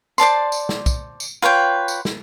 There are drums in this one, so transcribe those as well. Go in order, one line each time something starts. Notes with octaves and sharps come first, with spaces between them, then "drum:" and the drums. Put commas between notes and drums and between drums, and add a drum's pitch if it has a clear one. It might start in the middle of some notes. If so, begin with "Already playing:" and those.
C5 D5 A5 C6, drum: tambourine
drum: tambourine
drum: snare
drum: kick, tambourine
drum: tambourine
F4 B4 C#5 G5
drum: tambourine
drum: snare